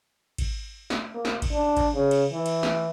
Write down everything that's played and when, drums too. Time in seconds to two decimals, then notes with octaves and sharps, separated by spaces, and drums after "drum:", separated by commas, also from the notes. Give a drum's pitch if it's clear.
0.38 drum: kick G#1, cymbal
0.90 drum: snare
1.14 A#3
1.25 drum: snare
1.42 drum: kick G#1, cymbal
1.52 D4
1.77 drum: kick G#1, cymbal
1.94 C#3
2.11 drum: cymbal
2.32 E3
2.46 drum: cymbal
2.63 drum: snare